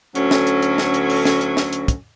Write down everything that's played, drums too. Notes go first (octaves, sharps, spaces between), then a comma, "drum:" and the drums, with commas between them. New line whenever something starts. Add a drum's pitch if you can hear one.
D2 D3 F#3 C#4, drum: hi-hat
drum: snare
drum: hi-hat
drum: hi-hat
drum: snare
drum: hi-hat
drum: open hi-hat
drum: snare
drum: hi-hat
drum: snare
drum: hi-hat
drum: kick, hi-hat